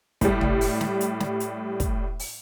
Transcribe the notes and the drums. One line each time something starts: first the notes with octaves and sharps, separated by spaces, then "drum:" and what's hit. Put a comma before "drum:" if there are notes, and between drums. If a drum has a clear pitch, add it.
A2 G3, drum: kick, hi-hat
drum: tom
drum: open hi-hat
drum: snare
drum: hi-hat
drum: snare
drum: hi-hat
drum: kick, hi-hat
drum: open hi-hat